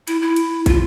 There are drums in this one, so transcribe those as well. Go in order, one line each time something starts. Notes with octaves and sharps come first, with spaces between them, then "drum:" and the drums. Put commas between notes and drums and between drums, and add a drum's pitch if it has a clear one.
E4, drum: cymbal
E4
drum: cymbal
F4, drum: kick, cymbal